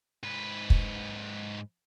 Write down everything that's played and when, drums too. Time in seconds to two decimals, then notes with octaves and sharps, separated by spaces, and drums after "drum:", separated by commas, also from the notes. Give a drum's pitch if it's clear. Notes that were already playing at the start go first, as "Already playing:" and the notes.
0.23 G#2 B4
0.70 drum: kick